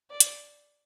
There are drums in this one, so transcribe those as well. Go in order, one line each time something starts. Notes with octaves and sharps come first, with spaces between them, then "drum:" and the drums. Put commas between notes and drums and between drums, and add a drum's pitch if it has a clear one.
D5
drum: hi-hat